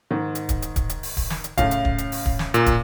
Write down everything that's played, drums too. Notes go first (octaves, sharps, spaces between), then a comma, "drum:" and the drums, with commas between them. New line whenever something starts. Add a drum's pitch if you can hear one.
G#2 D#3
drum: hi-hat
drum: kick, hi-hat
drum: hi-hat
drum: kick, hi-hat
drum: hi-hat
drum: open hi-hat
drum: kick, open hi-hat
drum: snare
drum: hi-hat
A2 C#3 F5, drum: kick, hi-hat
drum: hi-hat
drum: kick
drum: hi-hat
drum: open hi-hat
drum: kick
drum: snare
A#2, drum: hi-hat
drum: kick, hi-hat